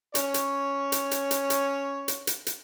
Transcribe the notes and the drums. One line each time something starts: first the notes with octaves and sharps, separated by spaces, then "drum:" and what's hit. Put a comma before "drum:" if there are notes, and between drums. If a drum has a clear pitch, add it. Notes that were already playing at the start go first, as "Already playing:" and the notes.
C#4 C#5, drum: hi-hat
drum: hi-hat
drum: hi-hat
drum: hi-hat
drum: hi-hat
drum: hi-hat
drum: hi-hat
drum: hi-hat
drum: hi-hat